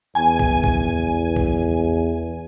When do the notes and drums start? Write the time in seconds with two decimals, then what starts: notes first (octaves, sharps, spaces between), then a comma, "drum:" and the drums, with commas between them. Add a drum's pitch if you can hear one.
0.15 E2 G#5
0.39 drum: kick
0.64 drum: kick
1.36 drum: kick